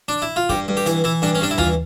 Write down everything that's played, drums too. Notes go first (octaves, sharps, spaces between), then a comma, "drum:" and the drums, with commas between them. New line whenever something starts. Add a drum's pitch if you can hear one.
D4
E4
F4
G2 G4, drum: kick
G2
G4
E3, drum: hi-hat
E3 E4
G2 D4
C#4
G2 D4
E4
E3 F4, drum: tom D#2